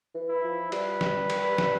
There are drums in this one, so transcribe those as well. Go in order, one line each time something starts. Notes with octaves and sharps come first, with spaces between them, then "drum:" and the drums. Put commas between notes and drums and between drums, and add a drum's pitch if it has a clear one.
E3
E4
F3
G3 B4, drum: cymbal
drum: snare
drum: cymbal
drum: snare